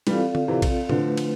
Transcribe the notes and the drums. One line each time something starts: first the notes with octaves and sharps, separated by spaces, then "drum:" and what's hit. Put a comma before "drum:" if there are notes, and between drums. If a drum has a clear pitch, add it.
E3 G3 C4 F4 A4 D5 F5, drum: cymbal
drum: tom D3
C3 E3
drum: kick A#1, cymbal
D3 F3 A3 E4 B4, drum: tom A2
drum: cymbal